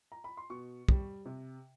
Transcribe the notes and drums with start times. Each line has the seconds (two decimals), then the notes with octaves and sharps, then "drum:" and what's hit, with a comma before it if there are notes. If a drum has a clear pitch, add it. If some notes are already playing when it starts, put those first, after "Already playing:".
0.12 A#5
0.24 B5
0.37 C6
0.50 B2 C#6
0.89 G3, drum: kick
1.25 C3